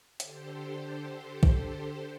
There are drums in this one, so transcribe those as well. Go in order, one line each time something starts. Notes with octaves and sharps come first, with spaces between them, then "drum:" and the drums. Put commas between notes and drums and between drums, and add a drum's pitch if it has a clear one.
D3 G4 A4 C5, drum: hi-hat
drum: kick